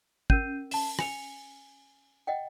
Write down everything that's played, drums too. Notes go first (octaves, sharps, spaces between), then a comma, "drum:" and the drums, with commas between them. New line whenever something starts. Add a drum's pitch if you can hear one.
C#4 A#4 G6 C7 D#7, drum: kick
A5 E7, drum: open hi-hat
G#5 C#7 F7, drum: rim click
D#5 F#5 G5